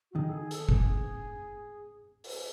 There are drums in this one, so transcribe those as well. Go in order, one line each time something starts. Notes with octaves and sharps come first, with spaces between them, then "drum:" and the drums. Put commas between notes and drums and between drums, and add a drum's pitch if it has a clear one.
F#4
D#3 G#4
A4
G#4
A4, drum: hi-hat
G#4, drum: kick F1
drum: open hi-hat